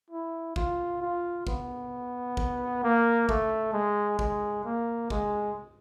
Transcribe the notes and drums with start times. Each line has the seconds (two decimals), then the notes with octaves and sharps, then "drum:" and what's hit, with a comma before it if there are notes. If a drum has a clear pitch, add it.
0.10 E4
0.56 F4, drum: kick
1.01 F4
1.47 B3, drum: kick
2.37 drum: kick
2.83 A#3
3.29 A3, drum: kick
3.73 G#3
4.19 G#3, drum: kick
4.65 A#3
5.10 G#3, drum: kick